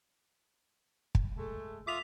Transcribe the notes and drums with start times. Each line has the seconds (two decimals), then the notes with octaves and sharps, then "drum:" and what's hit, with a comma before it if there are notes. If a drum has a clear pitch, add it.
1.15 drum: kick
1.36 G#3 A3
1.87 F4 E5 D6 D#6 B6 F7